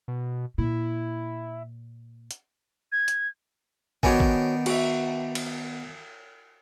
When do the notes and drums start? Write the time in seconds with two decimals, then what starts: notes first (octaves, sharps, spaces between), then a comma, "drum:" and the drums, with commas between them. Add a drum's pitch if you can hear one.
0.08 B2
0.58 A#2 E4
2.31 drum: hi-hat
2.92 G#6
3.08 drum: hi-hat
4.03 D#3 B3 D4 F#4 C#5 G#5, drum: kick
4.20 drum: kick
4.66 F#4 E5, drum: cymbal
5.35 drum: cymbal